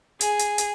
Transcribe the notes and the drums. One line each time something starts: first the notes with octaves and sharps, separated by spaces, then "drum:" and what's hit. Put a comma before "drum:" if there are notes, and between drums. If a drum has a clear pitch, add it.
G#4, drum: hi-hat
drum: hi-hat
drum: hi-hat